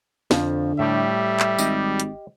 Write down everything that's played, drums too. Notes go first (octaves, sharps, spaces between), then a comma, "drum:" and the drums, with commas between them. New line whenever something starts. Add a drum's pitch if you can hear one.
F2 D3 F3, drum: snare
A2 G3 A3 G4 E5
drum: clap
G#1 G4 D#5, drum: tambourine
drum: hi-hat